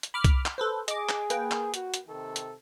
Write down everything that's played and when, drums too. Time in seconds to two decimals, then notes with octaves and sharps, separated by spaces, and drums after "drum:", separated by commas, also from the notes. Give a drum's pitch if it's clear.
0.03 drum: hi-hat
0.14 B5 D6 F6
0.24 drum: kick C2, hi-hat
0.46 drum: clap
0.58 A4 B4 C5
0.88 G#4 D#5 D6, drum: hi-hat
1.09 drum: clap
1.30 A#3 B4 G5, drum: hi-hat
1.51 drum: clap
1.74 F#4, drum: hi-hat
1.94 drum: hi-hat
2.08 C3 D#3 A4
2.36 drum: hi-hat